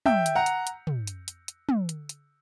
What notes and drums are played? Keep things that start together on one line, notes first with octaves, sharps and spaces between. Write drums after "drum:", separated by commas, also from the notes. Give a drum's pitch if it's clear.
E5 G5, drum: tom
drum: hi-hat
F#5 A#5
drum: hi-hat
drum: hi-hat
drum: tom
drum: hi-hat
drum: hi-hat
drum: hi-hat
drum: tom
drum: hi-hat
drum: hi-hat